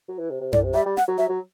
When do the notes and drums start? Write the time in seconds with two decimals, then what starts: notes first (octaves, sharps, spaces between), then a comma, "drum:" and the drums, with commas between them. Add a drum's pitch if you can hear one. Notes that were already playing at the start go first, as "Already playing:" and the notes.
0.08 F#3
0.19 E3
0.31 C3
0.41 C3
0.53 A2 D5, drum: tom F#2
0.64 C3
0.74 G3 E5
0.86 G3
0.97 F#5, drum: snare
1.08 F#3
1.18 F#3 E5
1.29 F#3